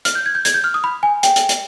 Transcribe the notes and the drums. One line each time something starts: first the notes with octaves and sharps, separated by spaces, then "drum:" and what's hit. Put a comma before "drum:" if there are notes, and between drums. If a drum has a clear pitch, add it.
F6, drum: hi-hat
G6
G#6
G6
G#6, drum: hi-hat
G6
F6
D#6
B5
G#5
G5, drum: hi-hat
drum: hi-hat
drum: hi-hat